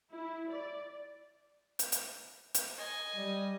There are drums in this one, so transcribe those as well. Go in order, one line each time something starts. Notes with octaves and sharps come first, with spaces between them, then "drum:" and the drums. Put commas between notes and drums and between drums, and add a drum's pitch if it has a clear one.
E4
D5
drum: hi-hat
drum: hi-hat
drum: hi-hat
D#5 G#5
G3